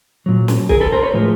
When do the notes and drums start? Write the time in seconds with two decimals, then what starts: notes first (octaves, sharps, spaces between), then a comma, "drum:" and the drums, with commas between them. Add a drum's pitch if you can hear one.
0.26 A#2 F#3
0.48 drum: snare
0.69 G#4 A#4, drum: kick
0.80 A4 B4
0.92 A#4 C5
1.03 B4 C#5
1.14 A2 F3 G#3